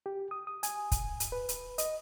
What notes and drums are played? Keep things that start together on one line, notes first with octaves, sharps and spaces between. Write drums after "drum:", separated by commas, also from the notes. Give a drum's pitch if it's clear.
G4
D#6
D#6
G#5, drum: hi-hat
drum: kick, hi-hat
drum: hi-hat
B4
drum: hi-hat
D#5, drum: hi-hat